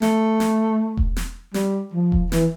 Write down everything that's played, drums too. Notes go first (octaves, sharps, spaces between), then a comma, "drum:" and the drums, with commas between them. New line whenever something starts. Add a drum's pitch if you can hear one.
A3, drum: snare
drum: snare
drum: kick E1
drum: snare
G3, drum: snare
F3
drum: kick E1
E3, drum: snare